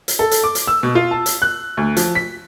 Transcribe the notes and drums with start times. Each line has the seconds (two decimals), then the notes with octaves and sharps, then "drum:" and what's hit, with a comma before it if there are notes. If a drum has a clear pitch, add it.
0.08 drum: hi-hat
0.19 A4
0.31 drum: hi-hat
0.44 D6
0.55 drum: hi-hat
0.67 E6
0.83 B2
0.95 F4
1.11 A5
1.26 drum: hi-hat
1.42 F#6
1.77 D2
1.96 F3, drum: hi-hat
2.15 B6